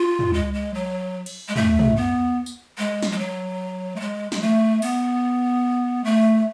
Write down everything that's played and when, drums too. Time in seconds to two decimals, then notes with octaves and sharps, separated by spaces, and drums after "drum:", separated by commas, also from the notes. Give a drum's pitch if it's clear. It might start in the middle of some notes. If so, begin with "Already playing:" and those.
Already playing: F4
0.19 drum: tom
0.34 G#3
0.54 G#3
0.74 F#3
1.26 drum: cymbal
1.48 G#3
1.56 A3, drum: tom
1.79 drum: tom
1.96 B3
2.46 drum: tambourine
2.78 G#3
3.02 drum: snare
3.12 G#3
3.19 F#3
3.96 A3
4.00 G#3
4.32 G#3, drum: snare
4.41 A3
4.82 B3, drum: open hi-hat
6.04 A3